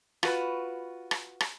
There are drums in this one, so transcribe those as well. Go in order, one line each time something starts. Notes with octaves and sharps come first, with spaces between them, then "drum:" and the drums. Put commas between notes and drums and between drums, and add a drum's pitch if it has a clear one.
F4 F#4 B4, drum: rim click
drum: rim click
drum: rim click